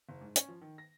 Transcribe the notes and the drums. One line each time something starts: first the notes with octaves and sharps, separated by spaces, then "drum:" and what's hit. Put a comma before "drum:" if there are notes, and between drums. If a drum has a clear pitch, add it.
F#1
G#2
C#4, drum: hi-hat
F3
D#3
A#6